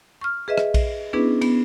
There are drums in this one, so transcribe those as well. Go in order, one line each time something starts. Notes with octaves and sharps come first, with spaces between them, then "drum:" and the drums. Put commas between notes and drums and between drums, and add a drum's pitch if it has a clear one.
C#6 F6
G#4 B4 D#5 E5
drum: rim click
drum: kick A#1, cymbal
B3 C#4 D4 E4 G#4 B4
B3, drum: cymbal